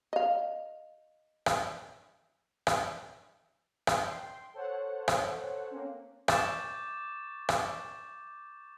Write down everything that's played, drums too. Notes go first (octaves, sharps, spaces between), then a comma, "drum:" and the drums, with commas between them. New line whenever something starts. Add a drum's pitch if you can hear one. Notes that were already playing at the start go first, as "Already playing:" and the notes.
D#5 F5
drum: rim click
drum: rim click
drum: rim click
G5 C6
A4 C5 C#5 F#5
drum: rim click
A#3 C4 C#4
C#6 D6 G6 A6 E7, drum: rim click
drum: rim click